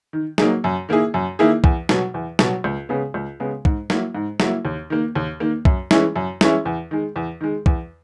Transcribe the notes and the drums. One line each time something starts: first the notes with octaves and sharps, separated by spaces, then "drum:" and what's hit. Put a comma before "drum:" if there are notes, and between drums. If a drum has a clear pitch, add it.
D#3
F#3 A#3 D#4 G#4, drum: snare
F#2
D#3 A#3 E4 G#4
F#2
D#3 A#3 E4 G#4
E2, drum: kick
B2 F#3, drum: snare
E2
B2 F#3, drum: snare
C#2
C#3 G#3 B3
C#2
C#3 G#3 B3
G#2, drum: kick
F#3 A#3 E4, drum: snare
G#2
F#3 A#3 E4, drum: snare
D#2
D#3 A#3
D#2
D#3 A#3
F#2, drum: kick
E3 G#3 C#4 E4, drum: snare
F#2
E3 G#3 C#4 E4, drum: snare
E2
D#3 G#3
E2
D#3 G#3
E2, drum: kick